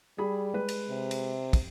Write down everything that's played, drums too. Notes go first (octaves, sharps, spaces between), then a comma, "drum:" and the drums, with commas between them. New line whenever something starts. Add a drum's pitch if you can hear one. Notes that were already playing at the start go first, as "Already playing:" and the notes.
G3 G#4 B5
G#3 B4
drum: cymbal
C3
drum: cymbal
drum: kick, cymbal